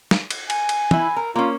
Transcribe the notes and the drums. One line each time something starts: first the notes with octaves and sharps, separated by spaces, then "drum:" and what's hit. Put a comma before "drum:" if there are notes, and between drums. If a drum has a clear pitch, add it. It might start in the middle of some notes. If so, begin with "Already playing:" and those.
drum: snare
drum: cymbal
G#5, drum: cymbal
drum: cymbal
E3 E4, drum: tom
A#4
A#3 C#4 F4